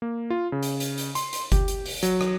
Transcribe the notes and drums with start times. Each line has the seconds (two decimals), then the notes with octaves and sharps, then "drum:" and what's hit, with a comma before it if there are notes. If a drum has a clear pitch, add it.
0.02 A#3
0.30 F4
0.52 C#3
0.63 drum: hi-hat
0.80 drum: hi-hat
0.98 drum: hi-hat
1.15 C6, drum: hi-hat
1.33 drum: hi-hat
1.52 G4, drum: kick F#1, hi-hat
1.68 drum: hi-hat
1.86 drum: open hi-hat
2.03 F#3, drum: hi-hat
2.21 drum: rim click